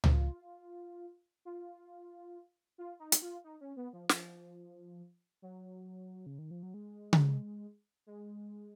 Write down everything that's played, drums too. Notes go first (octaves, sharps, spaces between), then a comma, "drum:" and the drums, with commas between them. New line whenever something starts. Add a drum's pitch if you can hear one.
D#4, drum: tom C#2
F4
F4
F4
D#4
drum: hi-hat
F4
D#4
C#4
B3
F3
F3, drum: snare
F#3
C#3
D#3
F3
F#3
G#3
drum: tom C#3
G#3